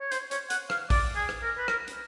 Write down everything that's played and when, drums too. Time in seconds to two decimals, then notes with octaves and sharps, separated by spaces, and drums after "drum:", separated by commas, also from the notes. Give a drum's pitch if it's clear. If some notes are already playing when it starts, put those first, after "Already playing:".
0.01 C#5
0.12 C5, drum: hi-hat
0.31 C#5, drum: hi-hat
0.50 F#5, drum: hi-hat
0.70 F5, drum: rim click
0.90 D5, drum: kick, open hi-hat
1.16 G#4
1.29 drum: rim click
1.43 A#4
1.58 B4
1.68 A#4, drum: rim click
1.88 drum: hi-hat